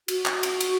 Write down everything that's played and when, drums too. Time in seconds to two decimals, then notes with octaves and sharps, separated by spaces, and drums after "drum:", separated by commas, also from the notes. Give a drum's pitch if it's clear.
0.08 F#4, drum: cymbal
0.26 drum: clap
0.43 drum: cymbal
0.61 drum: cymbal